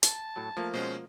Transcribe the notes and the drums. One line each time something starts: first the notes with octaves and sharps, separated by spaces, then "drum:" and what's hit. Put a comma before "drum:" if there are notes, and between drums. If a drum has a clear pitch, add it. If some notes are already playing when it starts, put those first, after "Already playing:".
A5, drum: hi-hat
A2 F#3
F3 A3 A#3
B2 G#3 C#4 C5